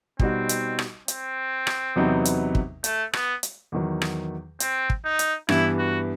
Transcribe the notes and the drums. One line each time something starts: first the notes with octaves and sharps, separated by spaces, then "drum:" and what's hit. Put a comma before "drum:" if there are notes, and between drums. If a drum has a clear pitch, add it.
B2 G3 C4 D#4 F#4, drum: kick
drum: hi-hat
drum: rim click
C4, drum: hi-hat
drum: rim click
E2 C3 F#3 B3 D#4
drum: hi-hat
drum: kick
A3, drum: hi-hat
B3, drum: rim click
drum: hi-hat
E2 D#3 F#3
drum: rim click
C4, drum: hi-hat
drum: kick
D#4
drum: hi-hat
G2 E3 B3 E4, drum: rim click
F#4